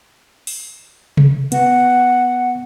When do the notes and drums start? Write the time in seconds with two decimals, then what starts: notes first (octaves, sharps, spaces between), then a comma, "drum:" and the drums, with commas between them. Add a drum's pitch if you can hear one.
0.47 drum: open hi-hat
1.17 drum: tom C3
1.52 B3 F#5, drum: hi-hat